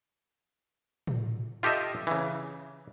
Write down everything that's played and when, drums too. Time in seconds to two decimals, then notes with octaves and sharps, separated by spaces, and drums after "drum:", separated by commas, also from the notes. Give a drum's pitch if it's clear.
1.07 drum: tom A2
1.63 F4 G4 A4 D#5 E5
2.07 C#3 E3